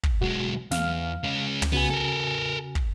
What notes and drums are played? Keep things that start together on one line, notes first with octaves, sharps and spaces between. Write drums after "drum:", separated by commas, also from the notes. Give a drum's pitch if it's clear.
drum: kick
B1 G#3 F#4
E2 F5 F6, drum: snare
G#3 C#4
drum: tom
C#3 B3 F#4 G#5
A4 A#4
drum: kick